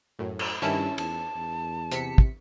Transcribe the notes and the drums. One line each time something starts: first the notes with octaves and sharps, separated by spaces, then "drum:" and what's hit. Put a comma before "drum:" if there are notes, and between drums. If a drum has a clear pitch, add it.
F#2 A2
drum: cymbal
G2 D#3 C#4 E4 A5
E2 A5, drum: cymbal
E2
C3 B6 C#7, drum: hi-hat
drum: kick